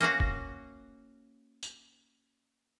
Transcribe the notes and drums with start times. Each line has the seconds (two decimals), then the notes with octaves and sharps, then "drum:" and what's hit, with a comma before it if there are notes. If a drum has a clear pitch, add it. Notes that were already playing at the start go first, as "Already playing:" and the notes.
0.01 A#3 C#4 F#4 F5
0.20 drum: kick
1.63 drum: tambourine